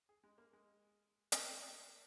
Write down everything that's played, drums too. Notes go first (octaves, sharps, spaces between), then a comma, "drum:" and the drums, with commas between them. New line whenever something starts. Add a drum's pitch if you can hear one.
G#4
G#3
A#3
G#3
drum: hi-hat
A#3